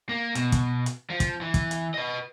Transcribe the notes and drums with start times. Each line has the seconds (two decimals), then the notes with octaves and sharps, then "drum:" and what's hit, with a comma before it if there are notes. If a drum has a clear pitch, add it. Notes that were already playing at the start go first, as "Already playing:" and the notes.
0.09 A#3
0.35 B2, drum: hi-hat
0.52 drum: kick, hi-hat
0.86 drum: hi-hat
1.10 F3
1.20 drum: kick, hi-hat
1.41 E3
1.54 drum: kick, hi-hat
1.71 drum: hi-hat
1.94 B4 D#5